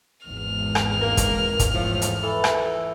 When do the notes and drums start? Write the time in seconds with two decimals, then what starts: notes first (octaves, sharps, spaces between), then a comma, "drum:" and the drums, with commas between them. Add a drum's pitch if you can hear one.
0.27 G#1 E2 F6
0.75 drum: rim click
1.01 A#3 A#4
1.17 drum: kick, hi-hat
1.59 drum: kick, hi-hat
1.73 A2 F3
2.02 drum: hi-hat
2.23 E3 A4
2.44 drum: rim click